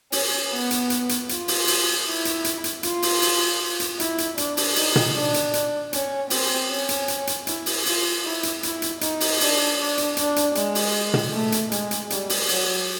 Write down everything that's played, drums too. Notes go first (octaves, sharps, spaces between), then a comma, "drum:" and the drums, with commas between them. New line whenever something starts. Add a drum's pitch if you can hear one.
C#4, drum: open hi-hat
B3
drum: hi-hat
drum: hi-hat
drum: hi-hat
F4, drum: hi-hat
drum: open hi-hat
drum: open hi-hat
E4
drum: hi-hat
drum: hi-hat
drum: hi-hat
F4, drum: hi-hat
drum: open hi-hat
drum: open hi-hat
drum: hi-hat
E4, drum: hi-hat
drum: hi-hat
D4, drum: hi-hat
drum: open hi-hat
D#4, drum: open hi-hat
drum: tom A#2
D4
drum: hi-hat
drum: hi-hat
C#4, drum: hi-hat
C4, drum: open hi-hat
C#4
drum: hi-hat
drum: hi-hat
drum: hi-hat
E4, drum: hi-hat
drum: open hi-hat
F4, drum: open hi-hat
E4
drum: hi-hat
E4, drum: hi-hat
drum: hi-hat
D#4, drum: hi-hat
drum: open hi-hat
D4, drum: open hi-hat
D4
drum: hi-hat
D4, drum: hi-hat
drum: hi-hat
G#3, drum: hi-hat
drum: open hi-hat
drum: tom A#2
A3
drum: hi-hat
G#3, drum: hi-hat
drum: hi-hat
G3, drum: hi-hat
drum: open hi-hat
F#3, drum: open hi-hat